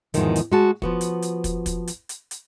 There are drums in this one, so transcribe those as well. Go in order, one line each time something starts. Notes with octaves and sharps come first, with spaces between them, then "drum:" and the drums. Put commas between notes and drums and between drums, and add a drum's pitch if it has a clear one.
E2 G#2 B2 D#3 F3, drum: hi-hat
drum: hi-hat
G#3 F#4 A5
F3 B3 F#4, drum: kick
drum: hi-hat
drum: hi-hat
drum: kick, hi-hat
drum: kick, hi-hat
drum: hi-hat
drum: hi-hat
drum: hi-hat